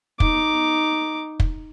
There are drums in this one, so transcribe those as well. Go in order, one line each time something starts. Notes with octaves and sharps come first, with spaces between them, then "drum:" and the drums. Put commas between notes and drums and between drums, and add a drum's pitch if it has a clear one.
D#4 D6, drum: kick
drum: kick